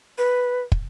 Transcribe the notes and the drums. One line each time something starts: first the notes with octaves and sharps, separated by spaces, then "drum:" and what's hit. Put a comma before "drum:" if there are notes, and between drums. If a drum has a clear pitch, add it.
B4
drum: kick